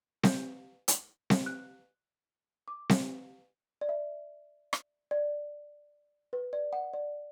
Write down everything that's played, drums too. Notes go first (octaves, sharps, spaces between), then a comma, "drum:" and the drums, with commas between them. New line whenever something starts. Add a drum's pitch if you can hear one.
G6, drum: snare C4
drum: hi-hat
drum: snare C4
F#6
D6
drum: snare C4
D5
E5
drum: rim click
D5
B4
D5
F#5
D5